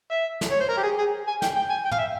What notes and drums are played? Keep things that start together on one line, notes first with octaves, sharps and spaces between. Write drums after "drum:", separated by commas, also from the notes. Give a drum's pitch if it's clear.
E5
drum: snare
C#5
C5
A#4
G4
G#4
G#4
G#5
G5, drum: snare
G5
G#5
G5
F5, drum: tom
E5